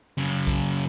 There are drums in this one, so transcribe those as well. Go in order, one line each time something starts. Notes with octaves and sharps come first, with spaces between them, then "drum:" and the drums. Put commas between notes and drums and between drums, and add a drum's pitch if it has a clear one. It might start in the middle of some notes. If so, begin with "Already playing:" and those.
F#2 C#3
drum: kick B1, tambourine